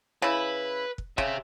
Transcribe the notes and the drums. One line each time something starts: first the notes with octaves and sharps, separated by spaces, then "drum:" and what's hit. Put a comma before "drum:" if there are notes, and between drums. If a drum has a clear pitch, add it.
C#3 E4 B4
drum: kick
C#3 G4 E5, drum: kick